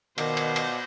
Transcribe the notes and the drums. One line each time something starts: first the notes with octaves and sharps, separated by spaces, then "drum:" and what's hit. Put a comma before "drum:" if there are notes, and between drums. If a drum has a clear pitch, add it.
B2 D#3 C5 D5 F5, drum: cymbal
drum: cymbal
drum: cymbal